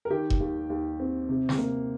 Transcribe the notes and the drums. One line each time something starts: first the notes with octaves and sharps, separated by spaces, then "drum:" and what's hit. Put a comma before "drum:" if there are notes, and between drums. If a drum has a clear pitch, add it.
A#4
D#3 G4
drum: kick E1
D#2
D#2
C4
C3
drum: snare
A#3